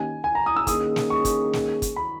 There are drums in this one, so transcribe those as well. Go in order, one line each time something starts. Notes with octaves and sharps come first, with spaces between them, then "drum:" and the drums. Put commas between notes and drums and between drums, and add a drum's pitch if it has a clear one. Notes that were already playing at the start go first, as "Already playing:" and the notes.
Already playing: D#3 A#3 C#4 G4 G#5
G#5
A#5
D#6
E6
D#3 A#3 C#4 G#4 D#6, drum: kick, hi-hat
drum: snare
C#6
drum: kick, hi-hat
drum: snare
drum: kick, hi-hat
B5